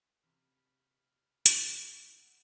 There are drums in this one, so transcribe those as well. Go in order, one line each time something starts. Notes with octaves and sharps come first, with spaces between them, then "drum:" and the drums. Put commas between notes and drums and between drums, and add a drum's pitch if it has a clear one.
C3 E3 B5 F6
drum: hi-hat
B3 G#4 E5 F#5 B5